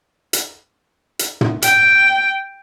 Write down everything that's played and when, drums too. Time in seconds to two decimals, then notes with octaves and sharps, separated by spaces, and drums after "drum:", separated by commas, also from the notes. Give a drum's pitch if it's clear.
0.33 drum: hi-hat
1.19 drum: hi-hat
1.41 drum: tom
1.62 G5, drum: hi-hat